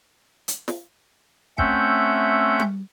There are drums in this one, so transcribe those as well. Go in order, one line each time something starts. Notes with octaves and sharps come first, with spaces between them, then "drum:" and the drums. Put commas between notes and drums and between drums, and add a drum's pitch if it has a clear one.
drum: hi-hat
drum: snare
A3 C4 C#4 E5 F#5 G6, drum: kick
drum: tom G3